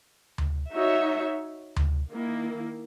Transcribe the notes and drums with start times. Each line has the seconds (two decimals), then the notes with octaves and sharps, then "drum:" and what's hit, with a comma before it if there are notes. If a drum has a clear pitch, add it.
0.38 drum: tom D2
0.73 D#4 F#4 C#5 E5
1.76 drum: tom D2
2.10 D#3 A#3 E4